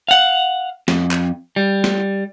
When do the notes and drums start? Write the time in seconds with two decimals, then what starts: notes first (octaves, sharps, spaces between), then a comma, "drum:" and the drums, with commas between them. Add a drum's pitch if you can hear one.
0.08 F5 F#5
0.88 F2, drum: snare
1.11 drum: clap
1.56 G3
1.84 drum: snare